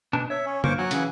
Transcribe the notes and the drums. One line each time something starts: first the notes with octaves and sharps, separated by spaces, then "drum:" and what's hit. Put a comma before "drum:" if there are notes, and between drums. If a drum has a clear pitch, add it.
B2 D4 A5
C#5 E5
C#4
G2 A#3 C5 C#6 D6, drum: tom
F#3 F#5 G#5
C#3 E3, drum: hi-hat